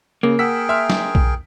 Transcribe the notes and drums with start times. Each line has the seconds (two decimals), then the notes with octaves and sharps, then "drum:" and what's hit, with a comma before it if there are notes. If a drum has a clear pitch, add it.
0.23 C#3 A#3
0.39 G#4 A#4 F#5 G5 E6 B6
0.69 E5 C6 F6
0.90 drum: snare
1.15 drum: kick B1